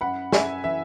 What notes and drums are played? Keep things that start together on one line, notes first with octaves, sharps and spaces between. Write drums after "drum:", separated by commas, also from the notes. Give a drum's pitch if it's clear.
F#2 F#5 B5
F#2 E5 G#5, drum: snare
E3 E5